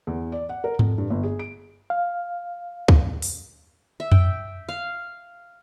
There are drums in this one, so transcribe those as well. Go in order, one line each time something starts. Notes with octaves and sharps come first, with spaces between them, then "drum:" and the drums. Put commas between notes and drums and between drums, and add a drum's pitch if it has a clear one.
E2
D5
F#5
A#4
F2, drum: tom G#2
G2
G1
G#4
D7
F5
drum: kick
drum: open hi-hat
E5
G5, drum: tom F2
F5